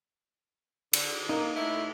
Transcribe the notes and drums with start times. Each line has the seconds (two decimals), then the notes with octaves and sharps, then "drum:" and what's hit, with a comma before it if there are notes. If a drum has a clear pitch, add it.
0.93 D3, drum: cymbal
1.29 A#3 D#4
1.56 A2 A3 E4